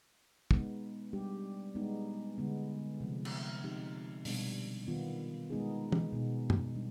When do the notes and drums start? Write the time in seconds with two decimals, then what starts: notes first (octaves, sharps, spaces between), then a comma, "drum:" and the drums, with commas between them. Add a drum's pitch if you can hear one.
0.51 G#3 B3 D#4, drum: kick
1.13 G3 D4 G4
1.75 G#3 B3 D#4
2.38 D3 G#3 B3
3.00 C3 F3 G#3
3.25 drum: cymbal
3.63 F3 C4 D#4 G4
4.25 B2 G3 B3 D4, drum: open hi-hat
4.88 D#3 B3 F4
5.50 G#3 B3 D#4 G#4
5.92 drum: tom
6.13 B2 B3 D#4
6.50 drum: tom
6.75 G3 D4